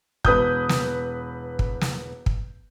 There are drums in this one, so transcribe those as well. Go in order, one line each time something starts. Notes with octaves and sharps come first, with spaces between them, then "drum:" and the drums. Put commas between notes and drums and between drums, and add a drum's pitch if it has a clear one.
E1 B4 D#6 G6, drum: kick
drum: snare
drum: kick
drum: snare
drum: kick